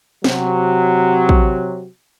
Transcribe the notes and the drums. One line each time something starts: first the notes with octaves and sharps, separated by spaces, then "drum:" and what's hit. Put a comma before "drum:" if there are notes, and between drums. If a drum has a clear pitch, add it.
C3 F#3, drum: snare
drum: kick